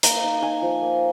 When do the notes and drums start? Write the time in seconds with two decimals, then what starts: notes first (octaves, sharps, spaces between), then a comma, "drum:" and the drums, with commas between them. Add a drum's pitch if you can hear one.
0.03 A#3 A#5, drum: hi-hat
0.24 D#4
0.42 D#4 G#5
0.62 F3
0.81 A#3